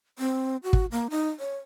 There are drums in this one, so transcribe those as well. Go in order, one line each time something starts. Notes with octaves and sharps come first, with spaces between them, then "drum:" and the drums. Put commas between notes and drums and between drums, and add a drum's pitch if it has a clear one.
C4
F#4
drum: kick
A#3
D#4
C#5